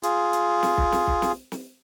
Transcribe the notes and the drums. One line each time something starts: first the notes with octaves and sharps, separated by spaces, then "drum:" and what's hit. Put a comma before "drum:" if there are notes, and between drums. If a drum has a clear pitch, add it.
F4 G#4, drum: hi-hat
drum: hi-hat
drum: snare
drum: kick B1
drum: snare
drum: kick B1
drum: snare
drum: snare